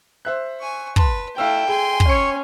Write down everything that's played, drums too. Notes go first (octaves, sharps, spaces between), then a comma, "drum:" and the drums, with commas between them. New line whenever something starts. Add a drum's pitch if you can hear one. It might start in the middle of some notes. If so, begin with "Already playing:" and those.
C5 E5 F#6
G#5 C#6
B4 A5 C6, drum: kick
A3 E4 F5 G5 E6
G#4 G#5 C6
drum: kick
C#4 C#5 C#7